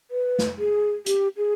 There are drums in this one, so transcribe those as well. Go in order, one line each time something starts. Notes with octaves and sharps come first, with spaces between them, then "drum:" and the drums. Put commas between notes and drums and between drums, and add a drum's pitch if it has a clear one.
B4
drum: snare
G#4
G4, drum: hi-hat
G#4